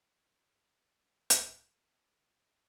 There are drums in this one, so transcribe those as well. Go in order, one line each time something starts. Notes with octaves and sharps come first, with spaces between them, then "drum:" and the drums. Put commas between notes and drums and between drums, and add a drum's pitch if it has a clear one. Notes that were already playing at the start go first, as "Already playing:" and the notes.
C4
drum: hi-hat
G#3
C#4
C4